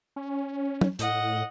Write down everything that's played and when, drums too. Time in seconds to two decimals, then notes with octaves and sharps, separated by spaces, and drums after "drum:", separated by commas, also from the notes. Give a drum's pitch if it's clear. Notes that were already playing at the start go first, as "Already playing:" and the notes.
0.16 C#4
0.81 drum: tom
0.99 A2 D#5 F#5, drum: hi-hat